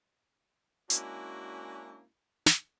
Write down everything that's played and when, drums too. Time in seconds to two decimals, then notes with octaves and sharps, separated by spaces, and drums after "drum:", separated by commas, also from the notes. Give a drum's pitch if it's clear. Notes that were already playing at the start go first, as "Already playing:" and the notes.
0.90 G#3 A#3 C#4 D4 E4 F#4, drum: hi-hat
2.46 drum: snare